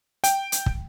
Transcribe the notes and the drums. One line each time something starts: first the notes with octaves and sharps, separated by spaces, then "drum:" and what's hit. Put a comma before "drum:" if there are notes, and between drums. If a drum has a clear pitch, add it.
G5, drum: hi-hat
drum: hi-hat
drum: kick